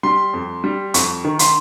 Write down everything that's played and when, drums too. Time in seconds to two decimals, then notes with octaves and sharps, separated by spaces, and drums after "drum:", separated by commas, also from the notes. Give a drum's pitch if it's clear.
0.03 G3 C6
0.33 F2
0.64 G3
0.94 F2 C#6, drum: hi-hat
1.24 D#3
1.39 C6, drum: hi-hat